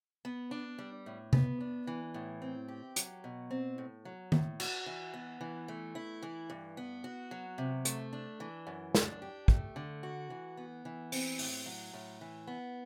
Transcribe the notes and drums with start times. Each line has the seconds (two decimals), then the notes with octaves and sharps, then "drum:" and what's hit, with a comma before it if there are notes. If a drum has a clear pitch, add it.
0.25 B3
0.51 D4
0.79 G3
1.06 A2
1.33 B3, drum: tom C3
1.61 D4
1.87 E3
2.14 A2
2.42 C4
2.68 G4
2.96 F#3, drum: hi-hat
3.24 B2
3.51 C4
3.78 A2
4.05 F#3
4.32 A2, drum: tom D#3
4.60 F#4, drum: cymbal
4.86 E3
5.14 B3
5.41 E3
5.68 A3
5.95 E4
6.22 E3
6.50 G2
6.77 B3
7.04 F#4
7.31 F#3
7.58 C3
7.85 A3, drum: hi-hat
8.13 D4
8.40 E3
8.67 F#2
8.95 D4, drum: snare
9.22 G4
9.48 A3, drum: kick
9.76 D3
10.03 F#4
10.30 E3
10.57 B3
10.85 E3
11.12 C4, drum: open hi-hat
11.39 A2, drum: open hi-hat
11.66 F#3
11.94 A2
12.21 E3
12.47 B3